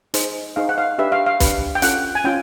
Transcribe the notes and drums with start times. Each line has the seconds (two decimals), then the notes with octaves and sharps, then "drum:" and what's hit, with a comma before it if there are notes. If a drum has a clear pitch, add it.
0.14 D#4 G#4 C5, drum: hi-hat
0.56 D#4 G#4 C5 F5
0.69 F#5
0.78 F5
0.98 D4 G4 B4 E5
1.12 F5
1.26 F5
1.40 D4 G4 B4, drum: kick, hi-hat
1.75 G5
1.82 C#4 F4 A4 F#5, drum: hi-hat
2.15 G#5
2.24 C#4 F4 G5